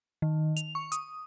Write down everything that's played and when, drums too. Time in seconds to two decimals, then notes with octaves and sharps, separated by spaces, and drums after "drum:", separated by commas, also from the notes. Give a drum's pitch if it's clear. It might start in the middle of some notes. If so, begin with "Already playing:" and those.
0.22 D#3
0.57 F7, drum: hi-hat
0.75 C#6
0.92 D#6, drum: hi-hat